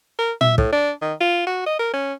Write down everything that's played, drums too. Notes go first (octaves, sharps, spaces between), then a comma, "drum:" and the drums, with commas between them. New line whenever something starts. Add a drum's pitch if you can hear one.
A#4
E5, drum: tom A#2
A2, drum: kick
D4
D#3
F4
F#4
D#5
A#4
C#4